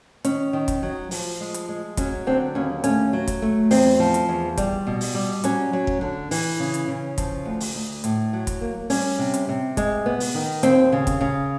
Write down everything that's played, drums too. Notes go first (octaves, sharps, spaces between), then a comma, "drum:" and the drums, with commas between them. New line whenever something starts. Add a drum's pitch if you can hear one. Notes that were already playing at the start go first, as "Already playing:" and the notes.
D#3 C#4, drum: hi-hat
D#3
drum: kick, hi-hat
F#3
F3, drum: open hi-hat
G#3
drum: hi-hat
G#3
F#3 C#4, drum: kick, hi-hat
D3 C4
D#2 C#4
A3 C#4, drum: hi-hat
F#3
drum: kick, hi-hat
A3
E2 C4, drum: open hi-hat
F3
drum: hi-hat
E2
G3, drum: kick, hi-hat
B2
drum: open hi-hat
G3
F#3 C#4, drum: hi-hat
F#3
drum: kick
D3
E3, drum: open hi-hat
C#3
drum: hi-hat
C#3
F3, drum: kick, hi-hat
D2
drum: open hi-hat
D2
A2, drum: hi-hat
F#3
drum: kick, hi-hat
A#3
G3 C#4, drum: open hi-hat
C3
drum: hi-hat
C3
G#3, drum: kick, hi-hat
B3
drum: open hi-hat
D#3
D#2 C4, drum: hi-hat
C#3
drum: kick, hi-hat
C#3